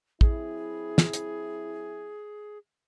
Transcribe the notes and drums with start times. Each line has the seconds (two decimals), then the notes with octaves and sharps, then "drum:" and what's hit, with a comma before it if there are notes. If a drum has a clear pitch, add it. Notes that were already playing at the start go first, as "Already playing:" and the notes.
0.21 F#3 C4 E4 G#4, drum: kick
0.98 drum: snare
1.13 drum: hi-hat